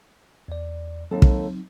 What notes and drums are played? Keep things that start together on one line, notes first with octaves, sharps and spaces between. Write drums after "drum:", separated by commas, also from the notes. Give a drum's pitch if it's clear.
E2 D5
D#2 F#3 C4 D#4 A4
drum: kick